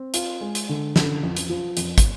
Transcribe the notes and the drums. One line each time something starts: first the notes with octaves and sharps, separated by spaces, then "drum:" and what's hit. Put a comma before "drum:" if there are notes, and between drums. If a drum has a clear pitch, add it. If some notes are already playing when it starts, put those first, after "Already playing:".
Already playing: C4
F4, drum: hi-hat
G#3
drum: hi-hat
D3
D3, drum: snare
F2
drum: hi-hat
F3
F2, drum: hi-hat
drum: kick, hi-hat